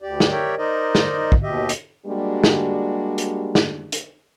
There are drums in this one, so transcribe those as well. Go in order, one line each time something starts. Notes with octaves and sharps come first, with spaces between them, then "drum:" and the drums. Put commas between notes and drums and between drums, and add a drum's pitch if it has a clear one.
D2 G4 D5
drum: snare
G4 A#4 C#5 D5 E5 G5
D#4 A#4 C5 D5 D#5
drum: snare
drum: kick
D#2 B2 G4 D#5 E5
drum: hi-hat
G3 G#3 A#3 D4 F#4 G4
drum: snare
drum: hi-hat
drum: snare
drum: hi-hat